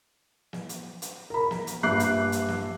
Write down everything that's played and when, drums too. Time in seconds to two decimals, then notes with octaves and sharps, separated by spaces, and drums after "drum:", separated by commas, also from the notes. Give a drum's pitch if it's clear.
0.53 drum: snare
0.69 drum: hi-hat
1.02 drum: hi-hat
1.30 A#4 B5
1.51 drum: snare
1.67 drum: hi-hat
1.83 A#1 G2 E5 D6 F#6 C7
2.00 drum: hi-hat
2.32 drum: hi-hat
2.48 drum: snare